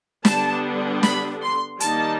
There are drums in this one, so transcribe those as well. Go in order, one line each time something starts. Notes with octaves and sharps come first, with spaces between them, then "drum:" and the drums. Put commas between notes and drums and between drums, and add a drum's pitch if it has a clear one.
D3 G3 B3 D4 A5, drum: snare
B5, drum: snare
C6
D#3 G3 A#3 D#4 A5, drum: hi-hat